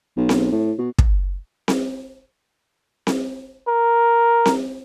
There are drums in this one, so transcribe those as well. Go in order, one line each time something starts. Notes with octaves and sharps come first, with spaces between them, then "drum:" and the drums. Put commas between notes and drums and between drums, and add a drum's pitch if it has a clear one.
B1
drum: snare C4
A2
B2
drum: kick
drum: snare C4
drum: snare C4
A#4
drum: snare C4